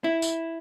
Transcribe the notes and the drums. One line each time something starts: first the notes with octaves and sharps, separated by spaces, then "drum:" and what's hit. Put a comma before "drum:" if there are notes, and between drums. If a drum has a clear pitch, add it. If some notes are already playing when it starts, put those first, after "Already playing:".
E4
drum: tambourine